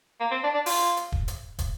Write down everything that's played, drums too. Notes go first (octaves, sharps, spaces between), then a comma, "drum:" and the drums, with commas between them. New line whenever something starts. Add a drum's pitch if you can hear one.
A#3
C4
D4
D4
F4, drum: open hi-hat
drum: hi-hat
drum: kick
drum: hi-hat
drum: kick, hi-hat